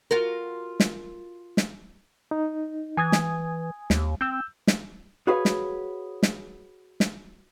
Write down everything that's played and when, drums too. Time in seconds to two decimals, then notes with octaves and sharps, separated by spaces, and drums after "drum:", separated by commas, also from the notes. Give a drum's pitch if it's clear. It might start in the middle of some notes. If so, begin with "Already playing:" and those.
0.11 F4 F#4 A#4
0.80 drum: snare
1.57 drum: snare
2.31 D#4
2.97 E3 G#5 D#6 G#6
3.12 drum: snare
3.90 D#2, drum: snare
4.21 C4 E6 G6
4.67 drum: snare
5.27 F#4 G#4 B4 C#5 F5
5.45 drum: snare
6.23 drum: snare
7.00 drum: snare